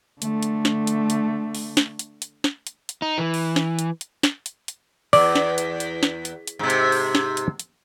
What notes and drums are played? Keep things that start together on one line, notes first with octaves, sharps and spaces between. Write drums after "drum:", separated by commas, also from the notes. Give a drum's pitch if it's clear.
D3 A3, drum: hi-hat
drum: hi-hat
drum: snare
drum: hi-hat
drum: hi-hat
drum: open hi-hat
drum: snare
drum: hi-hat
drum: hi-hat
drum: snare
drum: hi-hat
drum: hi-hat
D#4
E3
drum: open hi-hat
drum: snare
drum: hi-hat
drum: hi-hat
drum: snare
drum: hi-hat
drum: hi-hat
E2 D5, drum: open hi-hat
drum: snare
drum: hi-hat
drum: hi-hat
drum: snare
drum: hi-hat
drum: hi-hat
G#2 C3
drum: hi-hat
drum: open hi-hat
drum: snare
drum: hi-hat
drum: hi-hat